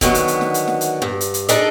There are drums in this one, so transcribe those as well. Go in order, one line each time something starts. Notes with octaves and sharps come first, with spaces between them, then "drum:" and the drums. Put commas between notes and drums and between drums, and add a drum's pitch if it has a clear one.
D3 D#3 F#3 B3, drum: kick, hi-hat
drum: hi-hat
drum: hi-hat
drum: snare
drum: hi-hat
drum: snare
drum: hi-hat
G2
drum: hi-hat
drum: hi-hat
D4 D#4 G#4 A4 D5 D#5, drum: hi-hat